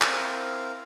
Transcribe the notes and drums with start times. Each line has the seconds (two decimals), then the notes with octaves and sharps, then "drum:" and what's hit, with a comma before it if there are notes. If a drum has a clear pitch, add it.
0.01 C4 E4 A#4 C5 F5 A#5, drum: clap